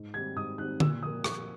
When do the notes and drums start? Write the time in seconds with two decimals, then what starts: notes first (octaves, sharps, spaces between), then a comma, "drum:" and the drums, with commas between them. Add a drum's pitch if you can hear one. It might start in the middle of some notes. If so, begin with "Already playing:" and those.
Already playing: G#2
0.14 D#3 G3 C4 G#6
0.36 G#2 D#6
0.58 D#3 G3 C4 F#6
0.80 A#2 E6, drum: tom D3
1.03 F3 A#3 D#6
1.24 A#2 C#6, drum: rim click